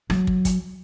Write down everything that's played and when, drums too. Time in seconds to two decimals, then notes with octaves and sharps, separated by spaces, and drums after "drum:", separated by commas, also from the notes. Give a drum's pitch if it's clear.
0.10 F#3, drum: rim click
0.27 drum: kick
0.45 drum: kick, hi-hat